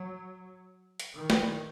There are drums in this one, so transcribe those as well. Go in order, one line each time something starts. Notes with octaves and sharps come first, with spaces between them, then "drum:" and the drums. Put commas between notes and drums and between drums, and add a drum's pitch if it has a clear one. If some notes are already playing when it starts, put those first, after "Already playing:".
Already playing: F#3
drum: hi-hat
D#3
drum: snare